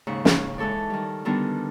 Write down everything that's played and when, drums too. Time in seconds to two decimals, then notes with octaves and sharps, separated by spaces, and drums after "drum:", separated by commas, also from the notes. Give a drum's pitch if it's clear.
0.07 D#2 G#2 C#3 C#6
0.25 drum: snare
0.58 E3 G#3 A4 C#5 D5
0.90 D#3 G3
1.25 D3 D#3 G3 B3 D4